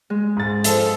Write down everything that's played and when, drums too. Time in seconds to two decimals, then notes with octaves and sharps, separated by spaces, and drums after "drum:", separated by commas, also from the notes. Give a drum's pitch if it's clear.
0.10 G#3
0.37 G#2 A6
0.64 F3 A4 D#5, drum: hi-hat